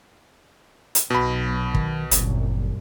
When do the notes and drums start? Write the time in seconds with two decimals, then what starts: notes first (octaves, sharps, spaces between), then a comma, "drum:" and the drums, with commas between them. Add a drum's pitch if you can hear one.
0.95 drum: hi-hat
1.10 B1 B2 B5
1.75 D#3, drum: kick
2.11 G1 C2 F#2 A#2, drum: hi-hat